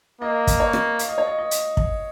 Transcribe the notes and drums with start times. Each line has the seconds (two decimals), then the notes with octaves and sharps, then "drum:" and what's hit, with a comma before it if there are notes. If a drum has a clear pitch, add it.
0.21 A#3 D#5
0.47 drum: kick, hi-hat
0.60 C#5
0.73 drum: rim click
0.99 F5, drum: hi-hat
1.08 D#5
1.18 C#5
1.27 D#5
1.38 D#5
1.51 drum: hi-hat
1.77 drum: kick